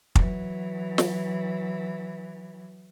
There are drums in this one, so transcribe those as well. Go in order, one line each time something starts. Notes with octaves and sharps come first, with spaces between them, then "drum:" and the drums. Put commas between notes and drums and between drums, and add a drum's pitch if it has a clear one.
E3 F#3, drum: kick
drum: snare